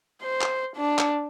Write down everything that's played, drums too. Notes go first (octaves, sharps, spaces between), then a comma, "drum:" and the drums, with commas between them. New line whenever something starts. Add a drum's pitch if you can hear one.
C5
drum: clap
D4
drum: clap